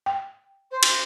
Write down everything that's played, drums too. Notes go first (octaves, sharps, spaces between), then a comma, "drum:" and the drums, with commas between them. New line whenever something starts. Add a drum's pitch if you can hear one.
G5
C5
drum: cymbal